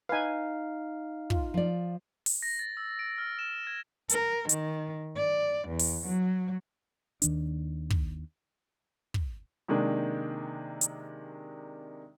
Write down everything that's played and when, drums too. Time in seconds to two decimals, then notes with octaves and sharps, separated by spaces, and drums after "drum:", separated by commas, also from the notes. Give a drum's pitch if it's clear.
0.09 D#4 B4 F5 G#5
1.30 F4, drum: kick
1.54 F3 D5
2.26 drum: open hi-hat
2.42 A#6
2.59 A6
2.77 E6
2.99 D7
3.18 F6
3.39 E7
3.67 G#6
4.09 A#4, drum: hi-hat
4.49 D#3, drum: hi-hat
5.16 D5
5.69 E2
5.79 drum: open hi-hat
6.07 F#3
7.22 D#2 D#3 D4, drum: hi-hat
7.90 drum: kick
9.14 drum: kick
9.68 C3 D#3 G#3 A#3 D4
10.81 drum: hi-hat